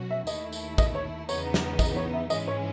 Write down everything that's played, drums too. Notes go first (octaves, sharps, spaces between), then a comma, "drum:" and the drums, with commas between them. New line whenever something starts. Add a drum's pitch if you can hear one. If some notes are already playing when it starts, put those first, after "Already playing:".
Already playing: B2 F#3 C#4 F#4
E5
D#2 D#3 A3 E4 D#5, drum: tambourine
drum: tambourine
D#5, drum: kick, tambourine
C#5
E2 C#3 E3 B3 D#4 C#5, drum: tambourine
drum: snare
D#5, drum: kick, tambourine
C#5
E5
G#2 E3 G#3 C#4 D#5, drum: tambourine
C#5